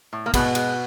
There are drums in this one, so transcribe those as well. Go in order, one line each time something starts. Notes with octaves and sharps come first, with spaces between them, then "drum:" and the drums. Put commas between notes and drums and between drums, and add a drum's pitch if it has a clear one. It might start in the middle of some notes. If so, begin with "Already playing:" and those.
A2
A#3
B2 G#3 B3, drum: kick, cymbal
G#3, drum: cymbal